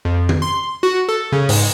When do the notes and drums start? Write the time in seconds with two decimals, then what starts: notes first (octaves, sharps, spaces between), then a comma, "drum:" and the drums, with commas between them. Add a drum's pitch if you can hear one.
0.05 F2
0.29 drum: tom
0.42 C6
0.83 F#4
1.09 A4
1.32 C#3
1.49 G#2, drum: open hi-hat